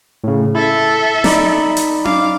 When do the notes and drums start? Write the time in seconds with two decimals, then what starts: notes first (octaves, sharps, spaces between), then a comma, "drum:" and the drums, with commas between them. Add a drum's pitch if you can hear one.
0.24 A2 C#3
0.55 E4 A4 E5
1.24 D#4 D5 B5, drum: snare
1.77 drum: hi-hat
2.05 F5 D6, drum: tom C#4